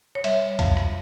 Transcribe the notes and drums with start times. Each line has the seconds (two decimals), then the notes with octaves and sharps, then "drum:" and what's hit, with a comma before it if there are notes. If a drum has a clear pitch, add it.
0.15 C#5
0.24 G3 E5, drum: cymbal
0.59 F2 F5, drum: kick C2, cymbal
0.77 drum: rim click